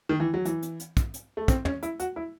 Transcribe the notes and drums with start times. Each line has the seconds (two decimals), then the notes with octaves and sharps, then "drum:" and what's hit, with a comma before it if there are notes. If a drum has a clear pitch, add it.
0.09 D#3
0.20 E3
0.34 F#3
0.45 E3, drum: hi-hat
0.63 drum: hi-hat
0.80 drum: hi-hat
0.97 drum: kick, hi-hat
1.14 drum: hi-hat
1.37 A3
1.48 C4, drum: kick, hi-hat
1.65 C#4, drum: tom
1.83 E4, drum: hi-hat
2.00 F#4, drum: hi-hat
2.16 E4